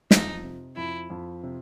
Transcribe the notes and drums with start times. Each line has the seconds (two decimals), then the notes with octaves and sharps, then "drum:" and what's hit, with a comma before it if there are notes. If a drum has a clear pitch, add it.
0.11 F2 D#4, drum: snare
0.43 C3
0.77 F2 E4
1.10 F2
1.43 C3